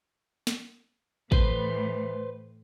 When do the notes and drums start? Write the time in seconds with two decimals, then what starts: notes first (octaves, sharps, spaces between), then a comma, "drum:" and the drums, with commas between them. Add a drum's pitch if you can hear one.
0.47 drum: snare
1.32 A2 E3 B4 C5, drum: kick